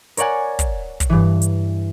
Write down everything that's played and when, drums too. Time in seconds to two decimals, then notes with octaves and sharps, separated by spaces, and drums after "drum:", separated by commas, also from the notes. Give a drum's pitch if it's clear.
0.17 A#4 C#5 D5 F#5 G#5, drum: hi-hat
0.59 drum: kick, hi-hat
1.00 drum: kick, hi-hat
1.10 G2 E3
1.42 drum: hi-hat